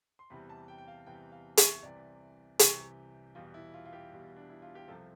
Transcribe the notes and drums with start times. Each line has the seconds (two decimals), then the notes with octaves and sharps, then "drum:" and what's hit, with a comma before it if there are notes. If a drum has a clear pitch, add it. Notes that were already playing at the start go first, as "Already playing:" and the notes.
0.19 C6
0.30 E2 C3 E3 G3 B5
0.49 A5
0.68 G5
0.78 G5
0.88 F5
1.06 E2 C3 E3 G3 G5
1.32 F5
1.57 E5, drum: hi-hat
1.83 C2 C3 E3 D5
2.59 C2 C3 E3 G4, drum: hi-hat
3.35 E2 B2 G3 F4
3.54 E4
3.74 F4
3.85 F4
3.93 G4
4.12 E2 B2 G3
4.36 D4
4.49 E4
4.62 F4
4.75 G4
4.88 C2 C3 F3 A4